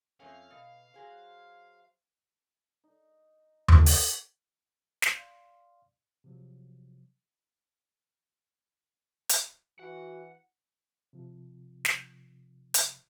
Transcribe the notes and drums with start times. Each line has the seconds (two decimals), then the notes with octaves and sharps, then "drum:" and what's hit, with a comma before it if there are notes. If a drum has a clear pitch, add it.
0.20 F2 A3 C#4 F5
0.50 B2
0.94 F#3 G#4 C5
2.84 D#4
3.68 A2, drum: tom D#2
3.86 drum: open hi-hat
5.02 drum: snare
5.13 D5 F5 C6
6.24 C3 F3 F#3
9.29 drum: hi-hat
9.79 E3 F#4 F#5
11.13 C3 F3
11.85 drum: snare
12.74 drum: hi-hat